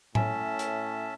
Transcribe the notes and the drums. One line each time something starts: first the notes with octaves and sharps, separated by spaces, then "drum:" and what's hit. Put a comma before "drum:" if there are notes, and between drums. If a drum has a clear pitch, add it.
A2 C#4 E5 G#5 A5, drum: tom A2
drum: hi-hat